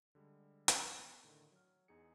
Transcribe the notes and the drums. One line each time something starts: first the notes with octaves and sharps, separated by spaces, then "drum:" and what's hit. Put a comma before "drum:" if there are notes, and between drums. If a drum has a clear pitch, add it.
D3 G3 G#3
drum: hi-hat
G#2 F3 C#6
B3 C6 C#7
A2 D3 D#3
F#3 F6
E2 D#4 G#4 C#7